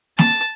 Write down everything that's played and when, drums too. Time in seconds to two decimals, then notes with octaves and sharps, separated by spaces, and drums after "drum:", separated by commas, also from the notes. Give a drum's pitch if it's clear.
0.19 A5, drum: snare